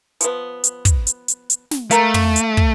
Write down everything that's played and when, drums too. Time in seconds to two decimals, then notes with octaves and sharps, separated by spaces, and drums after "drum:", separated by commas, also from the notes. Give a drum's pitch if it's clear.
0.21 F3 B3, drum: hi-hat
0.64 drum: hi-hat
0.85 drum: kick, hi-hat
1.07 drum: hi-hat
1.28 drum: hi-hat
1.50 drum: hi-hat
1.71 drum: snare
1.91 A3 A#4 F5, drum: hi-hat
2.14 drum: tom
2.36 drum: hi-hat
2.57 drum: kick